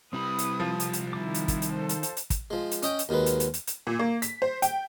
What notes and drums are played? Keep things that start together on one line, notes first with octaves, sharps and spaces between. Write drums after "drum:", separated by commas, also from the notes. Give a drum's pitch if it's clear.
C2 G3 C4 E4 B4 B5 D#6
drum: hi-hat
F3
drum: hi-hat
drum: hi-hat
D#3 E4 D6
drum: hi-hat
drum: kick, hi-hat
drum: hi-hat
A4 C5
drum: hi-hat
drum: hi-hat
drum: hi-hat
drum: kick, hi-hat
F3 G#3
drum: hi-hat
C#4 D#5 G5, drum: hi-hat
drum: hi-hat
D#2 D#3 F#3 G#3 B4
drum: hi-hat
drum: hi-hat
drum: hi-hat
drum: hi-hat
A#2
A#3
B6, drum: hi-hat
C5
G5, drum: hi-hat